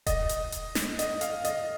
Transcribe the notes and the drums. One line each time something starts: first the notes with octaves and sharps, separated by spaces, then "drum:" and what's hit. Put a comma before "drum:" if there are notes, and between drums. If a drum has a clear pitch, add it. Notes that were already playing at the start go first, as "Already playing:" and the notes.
D#5, drum: kick D#1, hi-hat
drum: hi-hat
drum: hi-hat
drum: snare
D#5, drum: hi-hat
F5, drum: hi-hat
D#5, drum: hi-hat